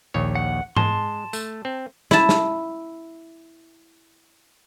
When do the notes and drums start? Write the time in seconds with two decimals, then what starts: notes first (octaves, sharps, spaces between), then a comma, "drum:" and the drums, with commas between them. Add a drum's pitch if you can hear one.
0.14 A#1 D#2 C#5
0.35 F#5
0.77 G#3 A5 C6, drum: tom G#2
1.33 A3, drum: tambourine
1.65 C4
2.11 E4 A5, drum: snare
2.29 drum: snare